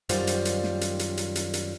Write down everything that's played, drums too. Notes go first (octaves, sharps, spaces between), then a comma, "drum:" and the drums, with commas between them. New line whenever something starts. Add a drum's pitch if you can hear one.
F#2 D#3 G3 F4 C5, drum: hi-hat
drum: hi-hat
drum: hi-hat
drum: snare
drum: hi-hat
drum: hi-hat
drum: hi-hat
drum: hi-hat
drum: hi-hat